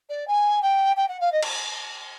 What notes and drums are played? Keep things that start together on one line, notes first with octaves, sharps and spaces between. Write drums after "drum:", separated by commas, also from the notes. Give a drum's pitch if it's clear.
D5
G#5
G5
G5
F#5
F5
D#5
drum: cymbal